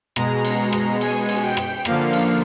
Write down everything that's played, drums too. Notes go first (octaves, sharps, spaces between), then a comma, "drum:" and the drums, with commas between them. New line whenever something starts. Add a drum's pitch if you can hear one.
B2 G#3 A#5, drum: rim click
drum: cymbal
drum: rim click
G#5, drum: cymbal
drum: cymbal
G5
drum: rim click
D3 F3 A#3 F5, drum: rim click
drum: cymbal